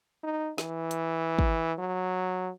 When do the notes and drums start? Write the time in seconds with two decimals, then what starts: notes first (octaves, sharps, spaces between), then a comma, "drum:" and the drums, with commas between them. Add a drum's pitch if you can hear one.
0.23 D#4
0.58 E3, drum: snare
0.91 drum: hi-hat
1.39 drum: kick
1.79 F#3